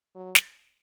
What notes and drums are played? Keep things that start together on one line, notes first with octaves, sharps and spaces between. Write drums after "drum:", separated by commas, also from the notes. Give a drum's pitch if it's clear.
F#3
drum: snare